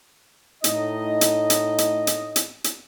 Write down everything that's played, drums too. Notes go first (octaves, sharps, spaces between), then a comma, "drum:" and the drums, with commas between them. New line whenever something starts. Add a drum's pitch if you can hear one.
A2 D#4 D#5, drum: hi-hat
drum: hi-hat
drum: hi-hat
drum: hi-hat
drum: hi-hat
drum: hi-hat
drum: hi-hat